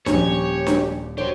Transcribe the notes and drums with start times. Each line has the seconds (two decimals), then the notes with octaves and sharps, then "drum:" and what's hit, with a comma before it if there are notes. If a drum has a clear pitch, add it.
0.06 D#1 A#2 F3 C#4 G4 C#5, drum: snare D4
0.67 drum: snare D4
1.18 B2 G4 C5 C#5 C6